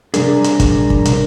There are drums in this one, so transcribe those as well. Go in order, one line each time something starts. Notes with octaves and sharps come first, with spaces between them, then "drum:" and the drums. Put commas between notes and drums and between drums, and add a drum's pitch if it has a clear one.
C3 G3 D4 G#4 A#4, drum: hi-hat
drum: hi-hat
drum: kick, hi-hat
drum: kick
drum: hi-hat